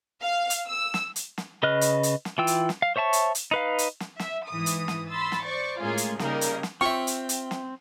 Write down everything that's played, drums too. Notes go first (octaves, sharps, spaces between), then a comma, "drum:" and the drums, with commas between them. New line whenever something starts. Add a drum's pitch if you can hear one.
F5
drum: hi-hat
E6
drum: snare
drum: hi-hat
drum: snare
C#3 B4 D#5 F6 F#6
drum: hi-hat
drum: hi-hat
drum: snare
E3 F4 G5 E6
drum: hi-hat
drum: snare
F5
C5 C#5 E5 A5 C#6
drum: hi-hat
drum: hi-hat
D#4 B4 F5
drum: hi-hat
drum: snare
E5, drum: snare
G#2 E3 D#6
drum: hi-hat
drum: snare
B5 C6 E6 A6
drum: snare
C5 D5 C#6
A2 G#3 A#3 C#4 F4 G#4
drum: hi-hat
C#3 G3 A#3 D#4 G#4 A#4, drum: snare
drum: hi-hat
drum: snare
C4 F4 E5 G5 C#6
drum: hi-hat
drum: hi-hat
drum: snare